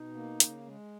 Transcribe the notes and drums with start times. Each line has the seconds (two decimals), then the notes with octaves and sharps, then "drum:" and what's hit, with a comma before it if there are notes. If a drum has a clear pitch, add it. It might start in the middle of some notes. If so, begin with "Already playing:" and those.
Already playing: B2 D#4
0.14 A#3
0.40 C#3, drum: hi-hat
0.66 G#3